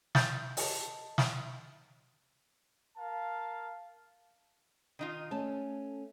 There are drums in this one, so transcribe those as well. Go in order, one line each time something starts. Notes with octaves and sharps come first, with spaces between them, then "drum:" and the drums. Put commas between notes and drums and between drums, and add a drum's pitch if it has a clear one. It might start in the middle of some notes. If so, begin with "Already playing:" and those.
G6 A6, drum: snare
D#5 A5, drum: open hi-hat
drum: snare
A#4 F5 A5
D#3 D#4 F4
A3 C#4 A5